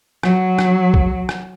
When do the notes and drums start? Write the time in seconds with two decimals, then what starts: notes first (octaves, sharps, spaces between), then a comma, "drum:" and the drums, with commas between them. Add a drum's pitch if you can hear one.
0.23 F#3, drum: rim click
0.59 drum: rim click
0.94 drum: kick B1
1.29 drum: rim click